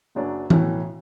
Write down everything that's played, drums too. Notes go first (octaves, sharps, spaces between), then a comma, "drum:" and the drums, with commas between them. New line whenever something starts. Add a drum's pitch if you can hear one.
F#1 F#2 F#3 D4
B1 A2 E3, drum: tom E3